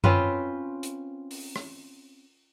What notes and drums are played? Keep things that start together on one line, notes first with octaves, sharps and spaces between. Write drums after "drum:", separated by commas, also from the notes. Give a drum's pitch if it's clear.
C4 C#4 F4 B4, drum: tom F#2
drum: hi-hat
drum: open hi-hat
drum: rim click